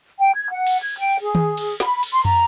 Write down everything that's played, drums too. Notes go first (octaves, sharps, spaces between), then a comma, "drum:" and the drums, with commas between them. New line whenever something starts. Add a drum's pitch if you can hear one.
G5
G#6
F#5
drum: cymbal
G#6
G5
G#4
drum: tom D#3
drum: cymbal
B5, drum: snare
drum: cymbal
C6
A#5, drum: tom